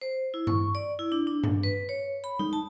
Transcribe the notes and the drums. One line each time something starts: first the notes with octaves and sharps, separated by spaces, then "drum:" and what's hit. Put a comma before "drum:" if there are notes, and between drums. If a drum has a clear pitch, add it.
C5
E4
C#6, drum: tom G2
D5
E4
D4
D4
drum: tom G2
B4
C#5
B5
D#4, drum: tom G3
A5